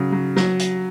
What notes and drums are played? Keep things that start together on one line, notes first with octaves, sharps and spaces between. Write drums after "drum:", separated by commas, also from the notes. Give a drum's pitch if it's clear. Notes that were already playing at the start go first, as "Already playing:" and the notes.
Already playing: C#3 F#3
F#3
F#3, drum: snare
drum: hi-hat